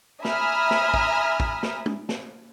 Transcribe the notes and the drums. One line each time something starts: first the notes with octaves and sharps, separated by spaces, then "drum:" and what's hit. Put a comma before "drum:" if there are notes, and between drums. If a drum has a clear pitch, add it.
E5 G#5 A#5 B5 D#6 F6, drum: snare
drum: snare
drum: kick
drum: kick
drum: snare
drum: tom
drum: snare